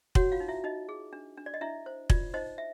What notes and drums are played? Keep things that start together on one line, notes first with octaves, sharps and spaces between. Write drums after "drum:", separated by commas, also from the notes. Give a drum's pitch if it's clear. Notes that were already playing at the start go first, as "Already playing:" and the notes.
F#4 C#5 F#5, drum: kick
F4 F5
D#4
E4 E5
D#4 D#5
G#4
D4
D4
D5
D#5
D4 E4 E5
C5
F4 D5, drum: kick
D#4 C5 D#5
E5